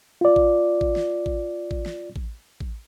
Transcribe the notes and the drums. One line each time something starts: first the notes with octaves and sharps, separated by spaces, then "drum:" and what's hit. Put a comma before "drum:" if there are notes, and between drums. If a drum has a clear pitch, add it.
F4 D5
drum: kick A1
drum: kick A1
drum: snare
drum: kick A1
drum: kick A1
drum: snare
drum: kick A1
drum: kick A1